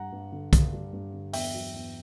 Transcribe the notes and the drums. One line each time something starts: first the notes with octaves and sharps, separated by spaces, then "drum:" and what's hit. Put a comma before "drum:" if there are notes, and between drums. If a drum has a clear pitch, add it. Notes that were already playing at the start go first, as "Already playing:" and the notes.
Already playing: G2 G3 F#5 A#5
G2
D3
G2, drum: kick, hi-hat
G3
G2
D3
E2 E5 G5, drum: open hi-hat
F#3
E2